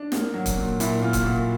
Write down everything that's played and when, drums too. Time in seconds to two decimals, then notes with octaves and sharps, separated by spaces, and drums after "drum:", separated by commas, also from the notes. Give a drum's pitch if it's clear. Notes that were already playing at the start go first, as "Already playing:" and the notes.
Already playing: D4
0.12 A#3, drum: snare
0.34 F#3
0.46 drum: kick, hi-hat
0.57 A#2
0.80 A#2 E4, drum: hi-hat
1.02 A#2 F4
1.13 drum: kick, hi-hat
1.24 A#2 F#4